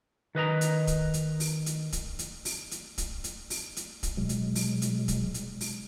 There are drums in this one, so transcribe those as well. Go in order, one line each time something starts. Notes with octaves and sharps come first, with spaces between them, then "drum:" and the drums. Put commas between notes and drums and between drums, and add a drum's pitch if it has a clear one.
D#3 B4 D#5 A#5
drum: hi-hat
drum: kick, hi-hat
drum: hi-hat
drum: open hi-hat
drum: hi-hat
drum: kick, hi-hat
drum: hi-hat
drum: open hi-hat
drum: hi-hat
drum: kick, hi-hat
drum: hi-hat
drum: open hi-hat
drum: hi-hat
drum: kick, hi-hat
B2 F#3 G#3
drum: hi-hat
drum: open hi-hat
drum: hi-hat
drum: kick, hi-hat
drum: hi-hat
drum: open hi-hat